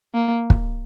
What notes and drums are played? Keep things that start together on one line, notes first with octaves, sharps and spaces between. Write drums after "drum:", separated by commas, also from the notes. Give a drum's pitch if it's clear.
A#3
drum: kick